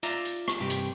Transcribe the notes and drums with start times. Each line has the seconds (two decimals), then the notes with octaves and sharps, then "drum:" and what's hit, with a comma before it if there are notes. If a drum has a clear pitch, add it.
0.03 F4 D5 E5 A#5, drum: hi-hat
0.25 drum: hi-hat
0.48 drum: rim click
0.60 G2 C3 G4
0.70 drum: hi-hat